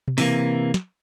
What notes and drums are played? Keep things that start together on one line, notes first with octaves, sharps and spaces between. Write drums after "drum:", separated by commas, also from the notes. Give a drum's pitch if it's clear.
drum: tom B2
C3 E3 A#3, drum: open hi-hat
drum: snare